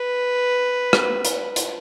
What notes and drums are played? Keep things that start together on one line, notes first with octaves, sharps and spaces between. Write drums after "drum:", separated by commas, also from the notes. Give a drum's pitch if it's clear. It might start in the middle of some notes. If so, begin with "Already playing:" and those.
Already playing: B4
drum: rim click
drum: hi-hat
drum: hi-hat